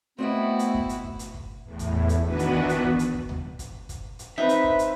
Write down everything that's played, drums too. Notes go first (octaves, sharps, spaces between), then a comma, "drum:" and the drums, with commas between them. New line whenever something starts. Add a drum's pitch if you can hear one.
A3 B3 C4 E4 F#4 D#5 G5
drum: hi-hat
drum: kick
drum: hi-hat
drum: kick
drum: hi-hat
drum: kick
E2 A2
drum: kick, hi-hat
drum: kick, hi-hat
D#3 E3 B3 D4 F#4 B4
drum: hi-hat
drum: kick
drum: hi-hat
drum: kick
drum: hi-hat
drum: kick
drum: tom D2
drum: kick, hi-hat
drum: kick, hi-hat
drum: hi-hat
C4 D#4 B4 E5
drum: hi-hat
drum: kick
drum: hi-hat